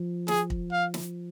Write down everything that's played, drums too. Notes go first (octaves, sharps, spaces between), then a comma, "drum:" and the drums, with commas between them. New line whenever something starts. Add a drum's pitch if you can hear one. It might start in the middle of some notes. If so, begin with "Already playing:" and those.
Already playing: F3
G#4, drum: snare
drum: kick
F5
drum: snare